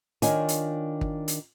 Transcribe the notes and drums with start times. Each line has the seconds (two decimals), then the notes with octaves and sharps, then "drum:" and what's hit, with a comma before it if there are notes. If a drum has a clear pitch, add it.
0.22 D#3 D4 F4 C#5 G#5, drum: hi-hat
0.48 drum: hi-hat
1.01 drum: kick
1.28 drum: hi-hat